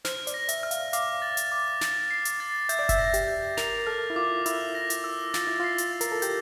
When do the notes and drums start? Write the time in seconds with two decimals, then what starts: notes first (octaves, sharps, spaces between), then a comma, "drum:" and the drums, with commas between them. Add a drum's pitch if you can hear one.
0.05 C5 F6, drum: snare
0.27 D5, drum: hi-hat
0.34 A#6
0.49 E5, drum: hi-hat
0.63 F6
0.71 F5, drum: hi-hat
0.93 F5 D6, drum: hi-hat
1.22 A6
1.37 drum: hi-hat
1.52 D6
1.81 A6, drum: snare
2.11 C7
2.25 drum: hi-hat
2.40 A6
2.69 E5 G6, drum: hi-hat
2.79 D5
2.89 E5, drum: kick F#1, hi-hat
2.99 A#6
3.14 G4, drum: hi-hat
3.28 G6
3.57 A#4 F7, drum: snare
3.86 A4 F6
4.10 E4
4.16 F4 D6
4.46 E4 E6, drum: hi-hat
4.75 A#6
4.90 drum: hi-hat
5.04 E6
5.34 F4 A6, drum: snare
5.47 E4
5.60 F4 C7
5.78 drum: hi-hat
5.93 A6
6.01 A#4, drum: hi-hat
6.12 A4
6.22 G4 G6, drum: hi-hat